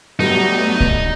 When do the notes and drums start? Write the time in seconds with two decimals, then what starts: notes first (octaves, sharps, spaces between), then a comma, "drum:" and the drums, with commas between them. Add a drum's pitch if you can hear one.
0.19 F#3 G3 A3 B3 D#4 F#4 G4
0.80 drum: kick C2